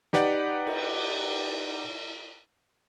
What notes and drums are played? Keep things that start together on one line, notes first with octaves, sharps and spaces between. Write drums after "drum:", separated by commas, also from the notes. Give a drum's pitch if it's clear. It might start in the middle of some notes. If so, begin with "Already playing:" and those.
D#4 G4 B4 D5 F#5, drum: snare
drum: cymbal